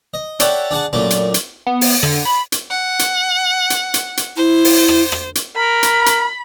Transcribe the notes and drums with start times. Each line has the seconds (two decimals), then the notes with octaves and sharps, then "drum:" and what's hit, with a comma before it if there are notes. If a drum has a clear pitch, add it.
0.14 D#5
0.40 A4 C#5 D5 E5 F#5 G5, drum: hi-hat
0.71 D4 G#4 F#5 A5
0.93 F#2 A#2 A3 D4
1.10 drum: hi-hat
1.34 drum: hi-hat
1.67 B3
1.81 drum: open hi-hat
2.03 D3, drum: rim click
2.25 B5
2.52 drum: hi-hat
2.70 F#5
2.99 drum: hi-hat
3.70 drum: hi-hat
3.94 drum: hi-hat
4.17 drum: hi-hat
4.37 E4 C5
4.65 drum: open hi-hat
4.88 drum: rim click
5.12 drum: rim click
5.35 drum: hi-hat
5.56 A#4 B5
5.83 drum: hi-hat
6.06 drum: hi-hat